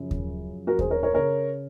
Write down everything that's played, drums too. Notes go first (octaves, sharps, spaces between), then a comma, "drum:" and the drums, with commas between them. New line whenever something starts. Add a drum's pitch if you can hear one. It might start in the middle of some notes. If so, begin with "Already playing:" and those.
Already playing: F#2 C#3 F3
drum: kick D#2
F#4 A#4
G#4 C5, drum: kick D#2
A#4 C#5
A#4 C#5
C#3 A#4 C#5